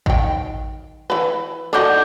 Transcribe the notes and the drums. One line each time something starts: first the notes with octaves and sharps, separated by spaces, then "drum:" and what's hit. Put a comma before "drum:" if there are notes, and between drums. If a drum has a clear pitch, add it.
D#3 G5, drum: kick A1
E3 B4
D4 D#4 F#4 A4 D6 G6